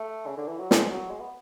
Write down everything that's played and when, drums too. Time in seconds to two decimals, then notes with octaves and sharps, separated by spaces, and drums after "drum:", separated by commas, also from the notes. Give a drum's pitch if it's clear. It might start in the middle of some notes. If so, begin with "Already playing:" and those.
Already playing: A3
0.26 C#3
0.38 D3
0.48 E3
0.59 F#3
0.71 G#3, drum: snare
0.90 F#3
1.10 G#3
1.20 B3